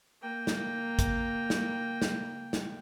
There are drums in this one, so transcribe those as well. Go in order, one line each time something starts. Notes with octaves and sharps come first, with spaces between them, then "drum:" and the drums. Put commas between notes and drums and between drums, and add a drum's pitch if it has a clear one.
A#3 G5
drum: snare
drum: kick A1, hi-hat
drum: snare
drum: snare
drum: snare